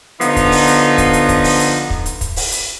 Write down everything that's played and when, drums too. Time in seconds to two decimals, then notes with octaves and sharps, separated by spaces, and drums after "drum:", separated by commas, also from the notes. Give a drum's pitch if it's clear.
0.21 D3 F3 B3 D#4, drum: hi-hat
0.36 drum: kick, hi-hat
0.52 drum: open hi-hat
0.67 drum: hi-hat
0.98 drum: kick, hi-hat
1.13 drum: hi-hat
1.29 drum: kick, hi-hat
1.44 drum: open hi-hat
1.59 drum: hi-hat
1.90 drum: kick
2.06 drum: hi-hat
2.21 drum: kick, hi-hat
2.36 drum: open hi-hat
2.52 drum: hi-hat